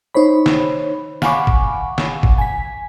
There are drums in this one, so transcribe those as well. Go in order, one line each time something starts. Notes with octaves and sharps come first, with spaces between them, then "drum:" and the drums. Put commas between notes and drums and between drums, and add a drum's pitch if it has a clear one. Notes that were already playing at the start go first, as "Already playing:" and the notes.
D#4 C5 C#5 B5
drum: snare
F5 F#5 G#5 B5 C#6 D6, drum: snare
drum: kick G#1
drum: snare
drum: kick G#1
G#5 B6